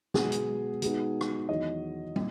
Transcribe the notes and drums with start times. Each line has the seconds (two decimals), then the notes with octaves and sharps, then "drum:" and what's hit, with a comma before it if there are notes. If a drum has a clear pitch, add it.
0.14 B2 G#3 B3 G#4, drum: snare
0.32 drum: hi-hat
0.82 B2 G#3 B3 D#4, drum: hi-hat
1.21 drum: rim click
1.49 E2 D#3 F#3 D#5
2.16 A#2, drum: tom